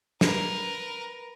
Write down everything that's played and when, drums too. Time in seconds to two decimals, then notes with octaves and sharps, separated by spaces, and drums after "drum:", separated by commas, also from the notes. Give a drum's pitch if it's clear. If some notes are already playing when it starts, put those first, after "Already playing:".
0.21 A#4 B4, drum: snare